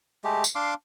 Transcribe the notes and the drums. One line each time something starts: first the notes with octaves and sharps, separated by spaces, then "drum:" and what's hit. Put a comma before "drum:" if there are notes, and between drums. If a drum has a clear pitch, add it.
G#3 A3 G4
drum: tambourine
D4 F5 C6 D6